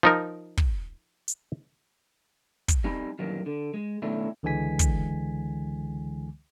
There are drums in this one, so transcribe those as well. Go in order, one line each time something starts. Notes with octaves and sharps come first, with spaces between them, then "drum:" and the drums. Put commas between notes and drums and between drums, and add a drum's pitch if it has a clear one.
F3 D#4 A#4
drum: kick
drum: hi-hat
drum: kick, hi-hat
G3 C4 D#4 G#5 B5
F#2 A#2 D#3 E3 G3 A#3
D3
G#3
B2 D#3 A3 C#4 D4 E4
C#2 D3 E3 G#3 G#5 B6
drum: kick, hi-hat